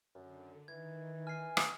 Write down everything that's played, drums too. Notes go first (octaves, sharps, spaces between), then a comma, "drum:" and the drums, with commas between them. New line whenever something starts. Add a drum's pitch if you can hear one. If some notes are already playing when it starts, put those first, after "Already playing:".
F#2 D3
D#3 E3 G#6
G#5 F6 C7
drum: rim click